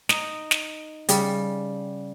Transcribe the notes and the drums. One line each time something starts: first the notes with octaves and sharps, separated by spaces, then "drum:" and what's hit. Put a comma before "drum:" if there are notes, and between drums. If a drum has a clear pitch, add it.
D#4, drum: snare
drum: snare
C#3 G3, drum: hi-hat